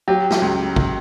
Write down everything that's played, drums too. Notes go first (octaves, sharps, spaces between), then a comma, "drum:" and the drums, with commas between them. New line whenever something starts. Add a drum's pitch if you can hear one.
F#3 G4
drum: snare
C#2
drum: kick G#1